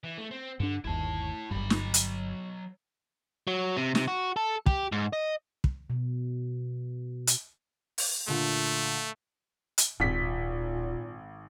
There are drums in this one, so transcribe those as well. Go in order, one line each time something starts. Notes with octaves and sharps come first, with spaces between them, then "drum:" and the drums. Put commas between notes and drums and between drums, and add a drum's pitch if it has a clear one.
E3
A3
C4
G2 D3 D4
G1 D#2 E4 A5
G1 G2 F#3 B5
drum: snare
drum: hi-hat
F#3
C3
C3, drum: snare
F#4
A4
G4, drum: kick
G#2
D#5
drum: kick
B2
drum: hi-hat
drum: open hi-hat
A#2 D3 A3
drum: hi-hat
D1 G#1 A#2 B6